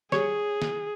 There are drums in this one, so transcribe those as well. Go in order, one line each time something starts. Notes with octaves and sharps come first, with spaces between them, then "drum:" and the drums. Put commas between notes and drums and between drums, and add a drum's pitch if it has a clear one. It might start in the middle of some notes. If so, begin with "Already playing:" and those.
G3 G#4 C#5, drum: snare
drum: snare